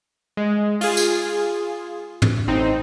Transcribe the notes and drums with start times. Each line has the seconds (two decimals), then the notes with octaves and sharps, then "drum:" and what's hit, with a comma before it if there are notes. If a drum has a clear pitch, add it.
0.37 G#3
0.81 F4 G#4, drum: open hi-hat
0.97 drum: tambourine
2.22 drum: tom
2.47 A1 C4 D#4